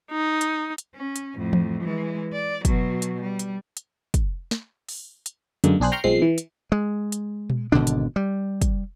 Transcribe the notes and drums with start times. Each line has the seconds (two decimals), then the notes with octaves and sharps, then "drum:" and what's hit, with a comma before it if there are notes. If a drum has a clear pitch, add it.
0.11 D#4
0.41 drum: hi-hat
0.78 drum: hi-hat
0.95 C#4
1.16 drum: hi-hat
1.35 F2 A2
1.53 drum: tom E3
1.83 E3 G#3
2.33 D5
2.65 B2 F#3, drum: kick, hi-hat
3.02 drum: hi-hat
3.22 G3
3.39 drum: hi-hat
3.77 drum: hi-hat
4.14 drum: kick, hi-hat
4.51 drum: snare
4.89 drum: open hi-hat
5.26 drum: hi-hat
5.64 F#2 D3 G#3 A#3, drum: hi-hat
5.80 B1 D4 G#4 C5 F#6
5.92 G5 A#5 C6 C#6 F6 G6
6.04 B1 F3 G#3 C4 C7
6.22 E3
6.38 drum: hi-hat
6.72 G#3
7.12 drum: hi-hat
7.50 drum: tom A#2
7.72 G#1 B2 D3 D4
7.87 drum: hi-hat
8.16 G3
8.62 drum: kick, hi-hat